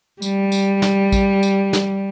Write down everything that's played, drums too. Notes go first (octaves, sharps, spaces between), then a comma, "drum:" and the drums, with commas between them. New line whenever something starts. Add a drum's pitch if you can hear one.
G3, drum: tambourine
drum: tambourine
drum: snare
drum: kick A1, tambourine
drum: tambourine
drum: snare